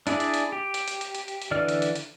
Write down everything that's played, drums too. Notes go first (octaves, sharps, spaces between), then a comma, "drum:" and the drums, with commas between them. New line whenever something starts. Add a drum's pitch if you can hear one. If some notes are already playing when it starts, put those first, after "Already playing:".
D4 E4 G#4 D5, drum: hi-hat
drum: hi-hat
drum: hi-hat
G4
drum: hi-hat
drum: hi-hat
drum: hi-hat
drum: hi-hat
drum: hi-hat
drum: hi-hat
D3 E3 D5 F6
drum: hi-hat
drum: hi-hat
drum: hi-hat